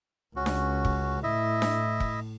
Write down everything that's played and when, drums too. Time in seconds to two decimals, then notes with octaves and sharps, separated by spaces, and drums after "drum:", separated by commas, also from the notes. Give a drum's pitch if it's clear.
0.36 C#2 C#4 F#4
0.46 drum: snare D4
0.85 drum: kick
1.23 A2 E4 D#5 E5
1.62 drum: snare D4
2.00 drum: kick